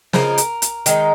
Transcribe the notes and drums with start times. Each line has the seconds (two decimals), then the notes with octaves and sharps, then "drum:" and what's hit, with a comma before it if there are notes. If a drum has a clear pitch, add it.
0.13 C#3 F3 A#3 D#4 A#4, drum: snare
0.38 drum: hi-hat
0.62 drum: hi-hat
0.86 D#3 G#3 D#4, drum: hi-hat